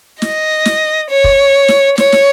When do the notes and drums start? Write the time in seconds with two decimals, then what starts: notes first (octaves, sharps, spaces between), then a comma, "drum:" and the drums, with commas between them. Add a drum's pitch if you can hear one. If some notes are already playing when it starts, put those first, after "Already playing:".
0.22 D#5, drum: snare
0.65 drum: snare
1.10 C#5
1.24 drum: kick
1.68 drum: snare
1.98 C#5, drum: snare
2.12 drum: snare